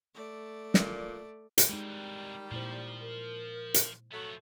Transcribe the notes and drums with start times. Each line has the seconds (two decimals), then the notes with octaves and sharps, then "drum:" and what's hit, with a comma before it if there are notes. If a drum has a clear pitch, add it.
0.14 A3 D5
0.74 A#2, drum: snare
1.58 drum: hi-hat
1.69 C3 D#3 E3 G3 G#3 D#4
2.51 A#2 F3 E4 C5
3.01 A#4
3.74 drum: hi-hat
4.12 F3 F#3 A3 B3